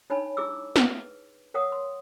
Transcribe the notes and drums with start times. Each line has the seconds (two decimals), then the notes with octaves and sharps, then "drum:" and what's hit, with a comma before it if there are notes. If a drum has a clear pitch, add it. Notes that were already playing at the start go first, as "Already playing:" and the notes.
0.10 D4 D#4 C#5 G#5 A5 B5
0.37 E4 G#4 D6 E6
0.76 G#4 B4, drum: snare
1.54 A#4 C#5 F5 F#5 D#6
1.72 C6